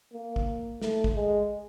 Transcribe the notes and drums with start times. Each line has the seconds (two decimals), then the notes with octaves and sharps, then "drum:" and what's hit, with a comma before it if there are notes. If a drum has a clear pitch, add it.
0.13 A#3
0.36 drum: kick
0.82 A3, drum: snare
1.04 drum: kick
1.15 G#3